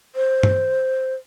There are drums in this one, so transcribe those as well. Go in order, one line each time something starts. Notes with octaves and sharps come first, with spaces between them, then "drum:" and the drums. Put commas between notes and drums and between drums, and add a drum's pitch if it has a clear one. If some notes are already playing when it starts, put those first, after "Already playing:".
C5
drum: tom G2